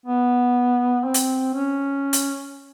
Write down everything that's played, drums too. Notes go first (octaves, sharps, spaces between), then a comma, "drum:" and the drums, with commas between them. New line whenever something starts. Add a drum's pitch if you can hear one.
B3
C4
drum: hi-hat
C#4
drum: hi-hat